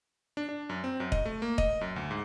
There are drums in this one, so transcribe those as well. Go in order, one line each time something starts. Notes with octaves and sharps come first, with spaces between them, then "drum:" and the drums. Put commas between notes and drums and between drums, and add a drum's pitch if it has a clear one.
D4
D4
F#2
C4
F#2
D#5, drum: kick E1
A3
A#3
D#5, drum: kick E1
F#2
D2
G#2